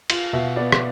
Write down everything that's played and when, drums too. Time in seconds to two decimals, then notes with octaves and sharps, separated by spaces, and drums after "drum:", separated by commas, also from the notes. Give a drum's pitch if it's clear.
0.10 F4 F5, drum: cymbal
0.33 B2 E5
0.56 B3 D5
0.72 drum: rim click